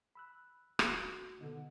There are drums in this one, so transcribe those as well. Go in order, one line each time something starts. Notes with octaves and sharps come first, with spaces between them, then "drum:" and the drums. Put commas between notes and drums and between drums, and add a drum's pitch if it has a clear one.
B5 E6 F#6
A3 F#4, drum: rim click
B2 D3 D#4